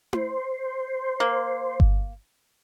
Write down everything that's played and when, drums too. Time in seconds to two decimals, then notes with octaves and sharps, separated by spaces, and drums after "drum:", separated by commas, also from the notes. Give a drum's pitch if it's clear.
0.13 C5, drum: tom E4
1.20 A#3
1.80 drum: kick G1